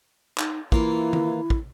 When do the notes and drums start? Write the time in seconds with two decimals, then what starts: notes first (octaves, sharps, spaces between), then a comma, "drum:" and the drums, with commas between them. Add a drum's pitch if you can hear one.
0.38 D#4, drum: clap
0.72 E3 A#3 E4 F4, drum: kick
1.13 drum: tom D#3
1.50 drum: kick